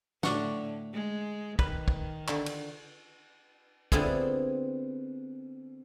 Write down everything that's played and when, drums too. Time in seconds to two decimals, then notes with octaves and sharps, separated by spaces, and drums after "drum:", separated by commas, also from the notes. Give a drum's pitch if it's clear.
0.23 A2 D3 D4 F#4, drum: snare
0.94 G#3
1.59 D#3 B4, drum: kick
1.88 drum: kick
2.28 D3, drum: clap
2.46 drum: cymbal
3.92 D3 B3 C4 E4 F4 G#4, drum: kick